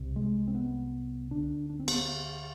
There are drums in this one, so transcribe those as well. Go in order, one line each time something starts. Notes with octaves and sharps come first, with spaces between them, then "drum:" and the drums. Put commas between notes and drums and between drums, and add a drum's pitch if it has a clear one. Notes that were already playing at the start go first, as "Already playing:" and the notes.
Already playing: C2 C3
G#3
C4
B3
D2 D3 D4
D4
C4
B3, drum: cymbal